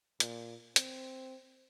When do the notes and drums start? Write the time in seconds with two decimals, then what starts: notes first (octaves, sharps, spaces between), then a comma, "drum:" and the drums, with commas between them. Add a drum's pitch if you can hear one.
0.20 A#2, drum: hi-hat
0.76 C4, drum: hi-hat